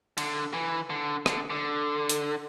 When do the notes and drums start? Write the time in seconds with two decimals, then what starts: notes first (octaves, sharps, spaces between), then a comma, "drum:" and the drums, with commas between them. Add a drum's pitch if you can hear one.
0.18 D3, drum: cymbal
0.54 E3
0.90 D3
1.26 D3, drum: rim click
1.50 D3
2.09 drum: hi-hat